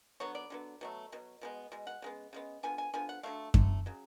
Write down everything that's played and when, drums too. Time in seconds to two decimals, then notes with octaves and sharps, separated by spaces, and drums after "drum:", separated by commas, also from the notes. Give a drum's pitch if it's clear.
0.20 D3 F#3 B3 C#5
0.35 D5
0.50 D3 F#3 B3
0.81 B2 F#3 A3
1.12 B2 F#3
1.41 B2 G#3 B3
1.72 B2 G#3
1.87 F#5
2.02 C#3 G#3 B3
2.33 C#3 G#3 B3
2.63 D3 F3 B3 G#5
2.78 G#5
2.94 D3 F3 B3 G#5
3.09 F#5
3.23 D3 F#3 A3 F5
3.54 D3 F#3 A3, drum: kick F#2
3.86 C#3 F#3